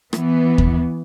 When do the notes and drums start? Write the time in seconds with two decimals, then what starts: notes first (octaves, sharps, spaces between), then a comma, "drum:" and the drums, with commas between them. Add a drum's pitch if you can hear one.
0.13 E3 B3, drum: rim click
0.58 drum: kick D#2